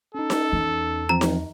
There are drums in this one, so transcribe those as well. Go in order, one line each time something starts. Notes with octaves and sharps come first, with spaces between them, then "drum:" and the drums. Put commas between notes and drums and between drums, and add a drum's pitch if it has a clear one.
C#4 D#4 A4
drum: snare D#4
E2
E3 F3 C4 A#5
drum: snare D#4